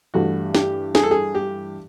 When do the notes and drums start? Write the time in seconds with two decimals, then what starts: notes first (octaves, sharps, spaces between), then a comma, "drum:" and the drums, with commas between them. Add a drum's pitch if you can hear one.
0.14 G2 E3 A3 F#4
0.55 G4, drum: snare
0.95 G#4, drum: snare
1.03 A4
1.11 G#4
1.35 G4